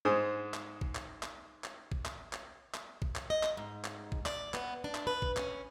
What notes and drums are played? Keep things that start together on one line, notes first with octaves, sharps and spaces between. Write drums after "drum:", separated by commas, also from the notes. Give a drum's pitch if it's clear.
G#2 G#4 C5 D#6
drum: clap
drum: kick A1
drum: clap
drum: clap
drum: clap
drum: kick A1
drum: clap
drum: clap
drum: clap
drum: kick A1
drum: clap
D#5
drum: clap
G#2
drum: clap
drum: kick A1
D5, drum: clap
B3, drum: clap
D4
drum: clap
B4
drum: kick A1
C#4, drum: clap